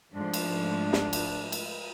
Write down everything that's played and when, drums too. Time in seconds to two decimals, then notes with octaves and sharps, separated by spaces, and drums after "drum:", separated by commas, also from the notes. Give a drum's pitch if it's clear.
0.14 G#2 F3 A3 D4
0.34 drum: cymbal
0.93 drum: snare
1.13 drum: cymbal
1.52 drum: cymbal